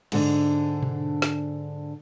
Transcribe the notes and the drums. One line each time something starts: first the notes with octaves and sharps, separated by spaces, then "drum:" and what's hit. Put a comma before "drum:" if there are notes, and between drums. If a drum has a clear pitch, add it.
G#2 D3 D4, drum: cymbal
drum: tom B2
drum: snare